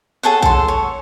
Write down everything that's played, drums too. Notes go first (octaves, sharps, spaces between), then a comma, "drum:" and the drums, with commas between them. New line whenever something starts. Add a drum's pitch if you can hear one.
G#4 A4 C#5 F#5
A4 C6, drum: kick A#1
C#5